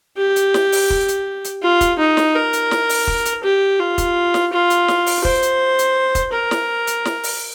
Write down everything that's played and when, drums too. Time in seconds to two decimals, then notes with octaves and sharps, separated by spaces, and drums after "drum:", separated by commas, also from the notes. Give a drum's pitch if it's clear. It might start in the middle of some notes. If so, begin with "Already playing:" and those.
0.17 G4
0.36 drum: hi-hat
0.54 drum: snare
0.72 drum: open hi-hat
0.90 drum: kick
1.08 drum: hi-hat
1.45 drum: hi-hat
1.63 F4
1.81 drum: kick, hi-hat
1.99 D#4
2.17 drum: snare
2.35 A#4
2.53 drum: hi-hat
2.71 drum: snare
2.89 drum: open hi-hat
3.07 drum: kick
3.26 drum: hi-hat
3.44 G4
3.80 F4
3.98 drum: kick, hi-hat
4.34 drum: snare
4.53 F4
4.70 drum: hi-hat
4.88 drum: snare
5.06 drum: open hi-hat
5.25 C5, drum: kick
5.43 drum: hi-hat
5.79 drum: hi-hat
6.15 drum: kick, hi-hat
6.33 A#4
6.51 drum: snare
6.87 drum: hi-hat
7.05 drum: snare
7.24 drum: open hi-hat